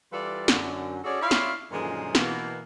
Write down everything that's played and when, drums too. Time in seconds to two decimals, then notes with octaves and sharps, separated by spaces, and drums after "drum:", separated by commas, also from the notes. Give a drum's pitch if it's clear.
0.12 E3 G3 F4 A4 B4 D5
0.48 F#2 D3, drum: snare
1.03 C#4 F#4 G#4 A4 C#5 D5
1.21 E4 F4 C#5 D5 E5 F5
1.31 drum: snare
1.70 F#2 A#2 D3 D#3 F3 G#3
2.15 B2 E3 A#3, drum: snare